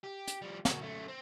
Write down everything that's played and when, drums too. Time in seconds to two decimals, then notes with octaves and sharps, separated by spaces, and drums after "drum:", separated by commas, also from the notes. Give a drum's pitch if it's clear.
0.04 G4
0.27 drum: hi-hat
0.42 F3 G3
0.65 F#2 F#4, drum: snare
0.81 F#2 A3
1.08 C4